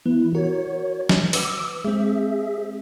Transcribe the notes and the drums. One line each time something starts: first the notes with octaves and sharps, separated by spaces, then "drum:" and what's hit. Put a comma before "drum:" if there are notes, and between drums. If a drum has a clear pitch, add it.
E3 B3 E4
F#4 A#4 C#5
drum: snare
B4 D6 E6, drum: open hi-hat
G#3 C4 G#4 E5